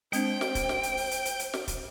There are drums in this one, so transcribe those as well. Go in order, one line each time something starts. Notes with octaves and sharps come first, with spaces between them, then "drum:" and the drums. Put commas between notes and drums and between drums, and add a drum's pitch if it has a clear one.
G#3 C4 D4 C5 G5, drum: hi-hat
drum: snare
drum: kick, hi-hat
drum: snare
drum: hi-hat
drum: open hi-hat
drum: hi-hat
drum: hi-hat
drum: hi-hat
drum: snare
drum: kick, hi-hat